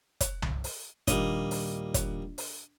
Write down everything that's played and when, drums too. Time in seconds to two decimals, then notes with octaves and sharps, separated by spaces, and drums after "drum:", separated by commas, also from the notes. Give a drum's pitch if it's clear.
0.21 drum: kick, hi-hat
0.42 drum: tom C2
0.64 drum: open hi-hat
1.07 A#1 D#2 G3 A#3 D#5, drum: kick, hi-hat
1.51 drum: open hi-hat
1.94 drum: kick, hi-hat
2.38 drum: open hi-hat